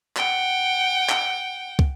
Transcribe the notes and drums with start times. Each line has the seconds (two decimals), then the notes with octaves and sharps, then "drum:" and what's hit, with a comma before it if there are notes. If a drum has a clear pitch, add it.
0.17 F#5 G5, drum: clap
1.09 drum: clap
1.79 drum: kick